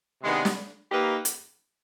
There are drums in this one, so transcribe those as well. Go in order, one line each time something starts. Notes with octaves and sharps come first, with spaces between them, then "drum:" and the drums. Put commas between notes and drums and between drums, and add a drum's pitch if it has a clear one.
C3 D#3 G#3 B3 D4
drum: snare
A#3 D#4 G4 B4
drum: hi-hat